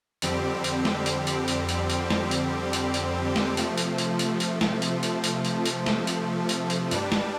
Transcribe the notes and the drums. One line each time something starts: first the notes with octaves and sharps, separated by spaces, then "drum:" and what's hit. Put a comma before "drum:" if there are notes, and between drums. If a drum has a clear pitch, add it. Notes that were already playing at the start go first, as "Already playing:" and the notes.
F2 D3 G3 C4 G4, drum: hi-hat
drum: hi-hat
drum: snare
drum: hi-hat
drum: hi-hat
drum: hi-hat
drum: hi-hat
drum: hi-hat
drum: snare
drum: hi-hat
drum: hi-hat
drum: hi-hat
drum: snare
C3 F3 A3, drum: hi-hat
drum: hi-hat
drum: hi-hat
drum: hi-hat
drum: hi-hat
drum: snare
drum: hi-hat
drum: hi-hat
drum: hi-hat
drum: hi-hat
drum: hi-hat
drum: snare
drum: hi-hat
drum: hi-hat
drum: hi-hat
G2 G3 D4, drum: hi-hat
drum: snare